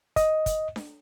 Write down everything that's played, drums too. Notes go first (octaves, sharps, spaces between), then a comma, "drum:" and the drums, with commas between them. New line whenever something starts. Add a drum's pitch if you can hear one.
D#5, drum: kick, hi-hat
drum: kick, hi-hat
drum: snare D4